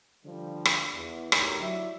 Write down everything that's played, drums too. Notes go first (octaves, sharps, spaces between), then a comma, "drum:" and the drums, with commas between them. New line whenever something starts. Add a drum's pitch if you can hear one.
D3 F3 G3
drum: rim click
E2
D2 A2 D#4 G4 A#4 C#5, drum: rim click
F#3 E4 D5 E5